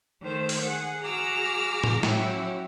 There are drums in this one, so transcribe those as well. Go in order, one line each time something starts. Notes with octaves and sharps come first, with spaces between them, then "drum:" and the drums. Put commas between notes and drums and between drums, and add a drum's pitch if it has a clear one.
D#3 A3 C5
drum: open hi-hat
G#4 F#5
F#4 G#4 A#5 D6 E6 F6
drum: tom A2
F#3 C#4 E4 F#4 G4, drum: snare